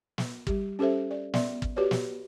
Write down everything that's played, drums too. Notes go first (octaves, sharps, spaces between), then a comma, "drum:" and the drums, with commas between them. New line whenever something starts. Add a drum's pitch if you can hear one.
drum: snare
G3 G4, drum: kick
C#4 G4 A4 C5 E5
D5
B3 D5 E5 C6, drum: snare
drum: kick
F#4 G4 B4 C#5 D5
drum: snare